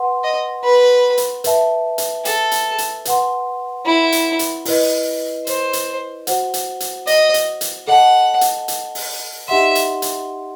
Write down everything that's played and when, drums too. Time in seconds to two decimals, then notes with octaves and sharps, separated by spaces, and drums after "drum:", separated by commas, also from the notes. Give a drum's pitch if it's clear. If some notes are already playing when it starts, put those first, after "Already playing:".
Already playing: B4 F#5 C6
0.24 D#5
0.64 B4
1.18 drum: hi-hat
1.44 B4 E5 A5, drum: hi-hat
1.98 drum: hi-hat
2.25 A4, drum: hi-hat
2.52 drum: hi-hat
2.78 drum: hi-hat
3.05 B4 F#5 C6, drum: hi-hat
3.86 E4
4.12 drum: hi-hat
4.39 drum: hi-hat
4.65 E4 B4 D#5, drum: open hi-hat
5.47 C5, drum: hi-hat
5.73 drum: hi-hat
6.27 F#4 C5 F#5, drum: hi-hat
6.54 drum: hi-hat
6.80 drum: hi-hat
7.07 D#5, drum: hi-hat
7.34 drum: hi-hat
7.61 drum: hi-hat
7.87 A4 D#5 F#5 A5
8.41 drum: hi-hat
8.68 drum: hi-hat
8.95 drum: open hi-hat
9.48 D#4 G4 D#5 E5 F#5 C6
9.75 drum: hi-hat
10.02 drum: hi-hat